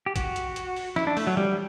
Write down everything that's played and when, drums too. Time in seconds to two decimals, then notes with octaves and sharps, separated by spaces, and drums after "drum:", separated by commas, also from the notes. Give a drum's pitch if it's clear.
0.06 G4
0.16 F#4, drum: kick A#1, hi-hat
0.36 drum: hi-hat
0.56 drum: hi-hat
0.76 drum: open hi-hat
0.96 E4, drum: snare
1.07 D4
1.17 A3, drum: open hi-hat
1.27 F#3
1.37 G3, drum: tom